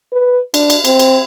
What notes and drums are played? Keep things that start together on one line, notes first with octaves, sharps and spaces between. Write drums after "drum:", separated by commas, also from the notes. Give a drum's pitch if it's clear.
B4
D4, drum: cymbal
drum: cymbal
C4, drum: cymbal
drum: cymbal